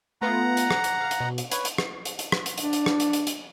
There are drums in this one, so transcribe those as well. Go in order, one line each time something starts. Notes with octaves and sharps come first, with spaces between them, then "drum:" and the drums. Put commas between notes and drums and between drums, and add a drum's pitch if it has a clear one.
A3 B3 F4 F#5 A#5
drum: hi-hat
drum: rim click
drum: hi-hat
F5
drum: hi-hat
B2
drum: hi-hat
B4 C#5 G#6, drum: hi-hat
drum: hi-hat
drum: rim click
drum: hi-hat
drum: hi-hat
drum: rim click
drum: hi-hat
D4, drum: hi-hat
drum: hi-hat
drum: rim click
drum: hi-hat
drum: hi-hat
drum: hi-hat